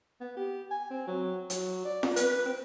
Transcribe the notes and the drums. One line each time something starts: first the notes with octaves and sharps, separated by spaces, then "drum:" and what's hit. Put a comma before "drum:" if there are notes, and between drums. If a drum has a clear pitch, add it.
B3
G4
G#5
C4
F#3
F#3, drum: hi-hat
D5
drum: snare
B4, drum: hi-hat
C4